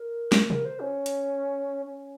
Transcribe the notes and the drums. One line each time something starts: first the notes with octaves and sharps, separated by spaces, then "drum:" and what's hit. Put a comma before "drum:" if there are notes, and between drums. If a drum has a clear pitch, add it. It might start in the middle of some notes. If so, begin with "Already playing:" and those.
Already playing: A#4
drum: snare
A#4, drum: tom C3
C5
C#4
drum: hi-hat
C#4